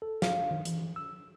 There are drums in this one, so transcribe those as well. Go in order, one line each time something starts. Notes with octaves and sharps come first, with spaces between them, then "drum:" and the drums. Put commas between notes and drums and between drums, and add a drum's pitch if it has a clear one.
A4
F5, drum: snare
D#3
E3, drum: hi-hat
E6